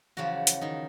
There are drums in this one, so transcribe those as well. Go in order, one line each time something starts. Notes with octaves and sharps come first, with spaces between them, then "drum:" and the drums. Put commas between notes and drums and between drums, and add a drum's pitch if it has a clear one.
E2 C#3 F3 F#3 F#4
drum: hi-hat
D#3 D#4